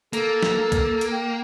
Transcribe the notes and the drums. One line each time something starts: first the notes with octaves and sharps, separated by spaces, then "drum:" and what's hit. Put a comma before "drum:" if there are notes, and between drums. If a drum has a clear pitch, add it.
A#3 A4, drum: hi-hat
drum: snare
drum: kick C2, hi-hat
drum: hi-hat
G5